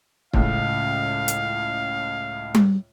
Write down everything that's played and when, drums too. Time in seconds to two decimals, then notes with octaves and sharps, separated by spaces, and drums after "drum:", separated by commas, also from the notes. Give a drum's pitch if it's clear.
0.33 C#2 A2 C#3 F5, drum: kick
1.28 drum: hi-hat
2.54 drum: tom G3